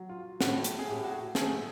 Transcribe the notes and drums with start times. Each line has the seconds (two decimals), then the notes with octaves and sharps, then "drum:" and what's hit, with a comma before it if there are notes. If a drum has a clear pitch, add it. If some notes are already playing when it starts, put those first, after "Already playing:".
Already playing: F#3
0.09 F4
0.41 A2 F#4, drum: snare
0.64 drum: hi-hat
0.79 G#4
0.88 A2 G4
1.04 F#4
1.35 A3 G#4, drum: snare